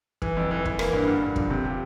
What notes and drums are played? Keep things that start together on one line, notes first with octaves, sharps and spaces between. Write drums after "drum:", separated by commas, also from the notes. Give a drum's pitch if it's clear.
E3, drum: kick
F2
E3
E3, drum: kick
A#3, drum: rim click
G2
D3
G2
F3, drum: kick
C3
G4